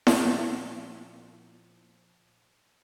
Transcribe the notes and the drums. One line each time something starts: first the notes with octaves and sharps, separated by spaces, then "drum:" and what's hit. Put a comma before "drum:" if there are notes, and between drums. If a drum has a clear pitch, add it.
A#2 F3, drum: snare E4